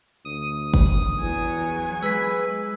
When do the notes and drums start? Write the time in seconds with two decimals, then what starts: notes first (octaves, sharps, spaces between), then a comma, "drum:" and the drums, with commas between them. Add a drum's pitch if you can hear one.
0.25 D2 D#6
0.74 drum: kick
1.20 E2 F#3 G#5
2.03 G#3 B4 E6 B6